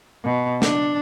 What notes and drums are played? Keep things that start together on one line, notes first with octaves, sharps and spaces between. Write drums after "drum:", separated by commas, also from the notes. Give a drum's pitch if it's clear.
B2
D4, drum: snare